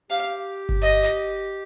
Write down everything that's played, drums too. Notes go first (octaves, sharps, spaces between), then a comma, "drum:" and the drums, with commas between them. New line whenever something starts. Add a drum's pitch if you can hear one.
G4 F5, drum: hi-hat
drum: kick G1
D#5, drum: hi-hat
drum: snare